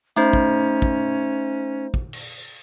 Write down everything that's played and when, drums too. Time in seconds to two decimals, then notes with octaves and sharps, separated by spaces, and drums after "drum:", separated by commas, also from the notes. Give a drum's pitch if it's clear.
0.16 A3 C#4 D#4 C5, drum: hi-hat
0.33 drum: kick
0.82 drum: kick
1.94 drum: kick
2.13 drum: cymbal